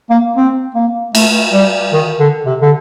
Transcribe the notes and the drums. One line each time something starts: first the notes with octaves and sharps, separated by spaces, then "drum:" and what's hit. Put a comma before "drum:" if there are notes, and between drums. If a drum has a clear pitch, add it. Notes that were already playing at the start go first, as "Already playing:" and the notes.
A#3
C4
A#3
A3, drum: cymbal
G3
D#3
D3
C3
D3